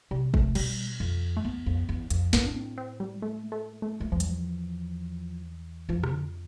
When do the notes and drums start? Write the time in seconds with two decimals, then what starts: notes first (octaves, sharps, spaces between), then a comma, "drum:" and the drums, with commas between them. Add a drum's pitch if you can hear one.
0.11 C3 G3
0.34 A3, drum: kick
0.55 B2 G3, drum: cymbal
1.00 F2
1.37 A3
1.45 E2 B3
1.66 F2
1.89 E2
2.10 F2, drum: hi-hat
2.33 A2 B3, drum: snare
2.47 D4
2.56 C4
2.78 C4
3.00 G3
3.22 A3
3.52 A3
3.82 A3
4.00 F2
4.12 E2 F3
4.20 G3, drum: hi-hat
4.30 F3
5.89 F2 F3
6.04 C3, drum: rim click
6.12 D3